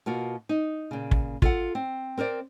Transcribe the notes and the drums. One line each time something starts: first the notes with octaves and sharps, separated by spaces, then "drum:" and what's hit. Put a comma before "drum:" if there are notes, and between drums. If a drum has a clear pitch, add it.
B2 A#3 F4 F#4
D#4
A#2 C#3
drum: kick
F4 A4 F#5, drum: kick
C4
C4 A#4 C5 D5